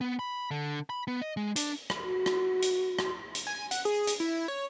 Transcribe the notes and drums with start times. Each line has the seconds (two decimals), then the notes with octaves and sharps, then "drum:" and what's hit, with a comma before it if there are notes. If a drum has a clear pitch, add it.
0.01 B3
0.19 B5
0.51 D3
0.90 B5
1.07 B3
1.22 D#5
1.37 G#3
1.56 D4, drum: hi-hat
1.90 drum: rim click
2.04 F#4
2.26 drum: rim click
2.62 drum: hi-hat
2.99 drum: rim click
3.35 drum: hi-hat
3.47 G#5
3.71 F#5, drum: hi-hat
3.85 G#4
4.07 drum: hi-hat
4.20 E4
4.48 C#5